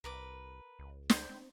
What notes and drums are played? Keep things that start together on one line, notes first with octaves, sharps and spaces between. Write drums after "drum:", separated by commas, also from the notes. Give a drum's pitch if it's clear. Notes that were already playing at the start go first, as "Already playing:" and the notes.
C2 A#4 B4 D6
C#2
C5, drum: snare
C4